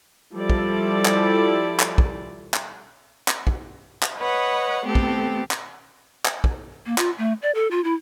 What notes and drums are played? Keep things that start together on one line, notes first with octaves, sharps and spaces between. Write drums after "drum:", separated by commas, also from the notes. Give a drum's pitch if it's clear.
F3 G3 E4 G4 A4 D5
drum: kick
drum: clap
drum: clap
drum: kick
drum: clap
drum: clap
drum: kick
drum: clap
B4 C#5 D#5 F#5 B5
A3 B3 C4 G4 A4
drum: kick
drum: clap
drum: clap
drum: kick
A#3
F4, drum: clap
A3
D5
A4
F4
E4